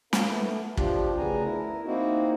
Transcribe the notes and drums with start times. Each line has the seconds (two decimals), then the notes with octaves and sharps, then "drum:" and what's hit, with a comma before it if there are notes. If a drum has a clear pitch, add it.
0.13 C#4 A#4 F5, drum: snare
0.28 A3 B3
0.77 F3 D4 F4 G4, drum: kick
1.18 D2 C#3 B3 D4 G#5 A#5
1.44 E4 A#4
1.85 A#3 C4 D#4 E4 F#4